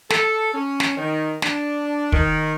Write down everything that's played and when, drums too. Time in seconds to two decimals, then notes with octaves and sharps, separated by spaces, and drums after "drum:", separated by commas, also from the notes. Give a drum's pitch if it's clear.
0.10 A4, drum: snare
0.54 C#4
0.80 drum: snare
0.97 D#3
1.42 D4, drum: snare
2.12 D#3, drum: kick